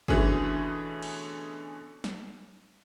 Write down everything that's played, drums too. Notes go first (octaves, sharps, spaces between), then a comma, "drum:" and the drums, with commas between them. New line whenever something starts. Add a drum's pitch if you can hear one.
B2 D3 E3 A3 C#4 G#4, drum: kick
drum: cymbal
drum: snare